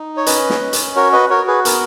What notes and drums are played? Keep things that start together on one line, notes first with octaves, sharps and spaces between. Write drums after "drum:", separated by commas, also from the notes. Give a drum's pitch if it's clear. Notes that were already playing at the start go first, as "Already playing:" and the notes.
Already playing: D#4
C#5
C#4 B4 D#5, drum: hi-hat
drum: snare
C#4
drum: hi-hat
F#4 A#4 C#5
B4 D#5
F#4 A#4 C#5
G#4 B4
B3 A#4, drum: hi-hat